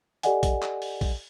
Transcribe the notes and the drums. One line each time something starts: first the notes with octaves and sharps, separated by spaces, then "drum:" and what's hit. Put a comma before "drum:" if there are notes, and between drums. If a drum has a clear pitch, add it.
G4 A4 D5 D#5 F#5 G#5, drum: hi-hat
drum: kick A#1, hi-hat
drum: clap
drum: open hi-hat
drum: kick A#1, open hi-hat